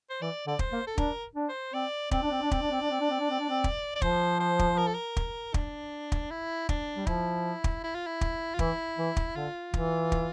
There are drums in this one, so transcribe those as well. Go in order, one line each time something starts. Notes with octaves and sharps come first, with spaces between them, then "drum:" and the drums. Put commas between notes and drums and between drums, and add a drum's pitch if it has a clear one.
C5
E3 D5
D3 D5
C5, drum: kick
A#3
A4
D4 A#4, drum: kick
D4
C5
C4 D5
C4 D5, drum: kick
D4
C4
D4
C4, drum: kick
D4
C4
D4
C4
D4
C4
D4
C4
D4
C4
drum: kick
D5
F3 C5, drum: kick
C5
drum: kick
A#4
A4
A#4
drum: kick
D4, drum: kick
drum: kick
E4
D4, drum: kick
G3
F3 E4, drum: kick
drum: kick
E4
F4
E4
drum: kick
F4
E3 E4, drum: kick
E3
drum: kick
D3 F4
E3, drum: kick
drum: kick